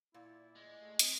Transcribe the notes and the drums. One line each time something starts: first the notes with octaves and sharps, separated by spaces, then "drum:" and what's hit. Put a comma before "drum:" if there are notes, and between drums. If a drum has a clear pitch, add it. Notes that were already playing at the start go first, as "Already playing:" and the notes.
A#2 E4 D5
G#3
A3 G#4
C4 D#5, drum: hi-hat